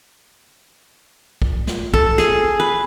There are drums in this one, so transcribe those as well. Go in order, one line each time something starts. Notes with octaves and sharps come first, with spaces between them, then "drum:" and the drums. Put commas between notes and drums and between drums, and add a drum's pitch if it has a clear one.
drum: kick
drum: snare
A4, drum: kick
G#4, drum: snare
B4